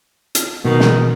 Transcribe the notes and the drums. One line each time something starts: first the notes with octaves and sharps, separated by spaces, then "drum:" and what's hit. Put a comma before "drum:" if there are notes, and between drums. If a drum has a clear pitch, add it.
drum: hi-hat
B2 D#3
drum: snare